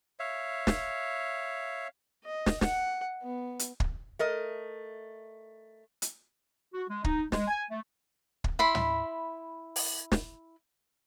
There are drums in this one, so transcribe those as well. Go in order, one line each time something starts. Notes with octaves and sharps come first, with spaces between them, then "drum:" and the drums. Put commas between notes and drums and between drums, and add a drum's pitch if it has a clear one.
C#5 E5 F5
drum: snare
D#5
drum: snare
F#5, drum: snare
B3
drum: hi-hat
drum: kick
A3 A#4 D#5
drum: hi-hat
F#4
G#3
D#4, drum: kick
G#3, drum: snare
G#5
A3
drum: kick
E4 B5 C6
drum: tom
drum: open hi-hat
drum: snare